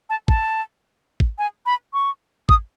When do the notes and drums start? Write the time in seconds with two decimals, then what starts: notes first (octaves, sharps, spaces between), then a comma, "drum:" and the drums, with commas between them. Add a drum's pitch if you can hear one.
0.10 A5
0.28 A5, drum: kick
1.20 drum: kick
1.38 G#5
1.66 B5
1.93 C#6
2.49 D#6, drum: kick